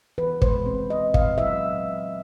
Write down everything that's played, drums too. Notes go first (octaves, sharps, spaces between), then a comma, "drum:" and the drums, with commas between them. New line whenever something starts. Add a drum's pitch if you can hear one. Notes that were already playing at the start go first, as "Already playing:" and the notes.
E3 B4
G#3 C5, drum: kick
C4
C4 D#5
A#2 F5, drum: kick
F#3 E5